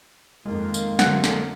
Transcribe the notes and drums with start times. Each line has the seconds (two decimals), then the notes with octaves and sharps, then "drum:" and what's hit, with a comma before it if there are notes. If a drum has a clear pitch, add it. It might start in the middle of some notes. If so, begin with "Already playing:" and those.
0.46 F2 D#3 G#3 A#3 F4
0.74 drum: tambourine
0.99 F2 D3 F#3 F#5, drum: snare
1.24 drum: snare